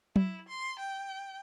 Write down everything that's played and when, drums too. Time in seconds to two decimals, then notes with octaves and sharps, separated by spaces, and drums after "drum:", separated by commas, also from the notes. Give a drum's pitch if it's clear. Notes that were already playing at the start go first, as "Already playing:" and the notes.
0.16 E4, drum: tom F#3
0.49 C6
0.79 G5